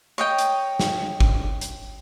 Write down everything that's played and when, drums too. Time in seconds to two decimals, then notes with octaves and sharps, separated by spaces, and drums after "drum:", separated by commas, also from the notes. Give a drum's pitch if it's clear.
0.18 C#5 D#5 G5
0.39 drum: hi-hat
0.79 drum: snare
1.20 drum: kick G#1
1.61 drum: hi-hat